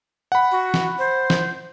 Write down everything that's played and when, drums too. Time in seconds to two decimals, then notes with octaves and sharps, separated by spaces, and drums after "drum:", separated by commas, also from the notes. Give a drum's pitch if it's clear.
0.32 F#5 B5
0.51 F#4
0.74 drum: snare
0.98 C5
1.30 drum: snare